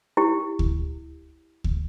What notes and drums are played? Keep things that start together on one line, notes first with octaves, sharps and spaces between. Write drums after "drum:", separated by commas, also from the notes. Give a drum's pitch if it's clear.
E4 G4
drum: kick D2
drum: kick D2